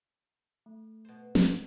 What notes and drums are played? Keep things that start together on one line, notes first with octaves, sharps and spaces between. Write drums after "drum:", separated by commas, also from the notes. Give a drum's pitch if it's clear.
A3
B2 C5
drum: snare